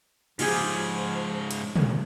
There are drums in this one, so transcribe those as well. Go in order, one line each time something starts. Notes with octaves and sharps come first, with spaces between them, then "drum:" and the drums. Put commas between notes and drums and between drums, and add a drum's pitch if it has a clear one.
G#2 C#3 F3 F4 G4 G#4, drum: cymbal
drum: hi-hat
drum: tom